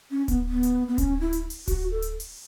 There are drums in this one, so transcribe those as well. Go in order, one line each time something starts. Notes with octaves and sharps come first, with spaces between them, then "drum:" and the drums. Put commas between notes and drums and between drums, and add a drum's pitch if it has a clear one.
C#4
B3, drum: kick D1, hi-hat
B3
drum: hi-hat
B3
C#4, drum: kick D1, hi-hat
E4
drum: hi-hat
drum: open hi-hat
F#4, drum: kick D1, hi-hat
A4
drum: hi-hat
drum: open hi-hat